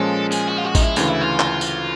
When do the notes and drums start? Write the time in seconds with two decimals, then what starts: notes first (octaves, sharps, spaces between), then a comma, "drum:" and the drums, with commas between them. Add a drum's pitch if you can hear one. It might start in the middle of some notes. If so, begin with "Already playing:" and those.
Already playing: A#2 F3 G#3 C#4 A4
0.32 G#4, drum: tambourine
0.48 F#4
0.58 F4
0.64 F#4
0.75 D#4, drum: kick A1, tambourine
0.80 E4
0.96 D2 C#3 E3 F4, drum: tambourine
1.09 E4
1.21 F4
1.40 drum: clap
1.61 drum: tambourine